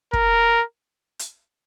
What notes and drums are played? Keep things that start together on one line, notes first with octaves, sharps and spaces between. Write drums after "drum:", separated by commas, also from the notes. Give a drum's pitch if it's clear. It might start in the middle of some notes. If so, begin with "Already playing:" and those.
A#4, drum: kick
drum: hi-hat